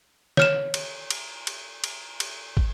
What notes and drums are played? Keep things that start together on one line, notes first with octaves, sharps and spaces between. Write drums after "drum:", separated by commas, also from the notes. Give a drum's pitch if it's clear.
C#5 F6 E7, drum: snare
drum: cymbal
drum: cymbal
drum: cymbal
drum: cymbal
drum: cymbal
drum: kick